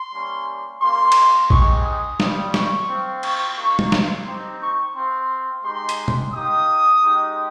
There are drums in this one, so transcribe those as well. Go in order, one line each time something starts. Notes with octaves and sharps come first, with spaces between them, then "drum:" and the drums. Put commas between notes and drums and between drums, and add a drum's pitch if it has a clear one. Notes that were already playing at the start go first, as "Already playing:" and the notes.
Already playing: C6
G3 A#3 C#4
A#3 C#4 G4 C6
drum: cymbal
G#3 C4 D#4 G4 C#6, drum: kick A#1
D#6
G3 C4 F4, drum: snare
C#6, drum: snare
C4 F4
C#6, drum: cymbal
A#3 D#4 G4 C#6
drum: tom
C6, drum: snare
C4 D#4 G4
C#6
C4 F4 C6
G#3 D#4 G4 C6
drum: hi-hat
drum: tom
A#3 D#4 G4 D#6
G#3 D#4 G4